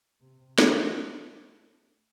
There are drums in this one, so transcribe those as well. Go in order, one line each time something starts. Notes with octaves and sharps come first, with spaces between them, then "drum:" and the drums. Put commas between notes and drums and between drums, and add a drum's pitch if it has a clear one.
C3
A3, drum: snare